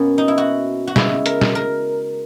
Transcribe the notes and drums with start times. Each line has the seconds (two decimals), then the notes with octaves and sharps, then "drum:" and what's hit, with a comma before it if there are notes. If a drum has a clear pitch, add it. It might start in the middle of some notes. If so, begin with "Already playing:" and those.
Already playing: B2 A#3 B3 C#4
0.18 D#4
0.28 E4
0.38 F#4
0.87 F#4
0.96 C#3 G#3 B3 E4, drum: snare
1.26 A#4, drum: hi-hat
1.41 drum: snare
1.55 A#4